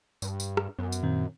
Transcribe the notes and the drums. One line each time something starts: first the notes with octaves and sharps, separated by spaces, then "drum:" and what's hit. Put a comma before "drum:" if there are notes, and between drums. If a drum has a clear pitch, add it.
G2, drum: tambourine
drum: tambourine
drum: rim click
F#2 B3
drum: tambourine
A#2 D#3 C4